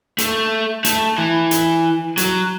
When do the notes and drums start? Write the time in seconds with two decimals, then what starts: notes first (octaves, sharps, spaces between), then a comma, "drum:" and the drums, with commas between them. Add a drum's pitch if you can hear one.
0.18 A3, drum: hi-hat
0.85 A3, drum: hi-hat
1.18 E3
1.51 drum: hi-hat
2.17 F#3, drum: hi-hat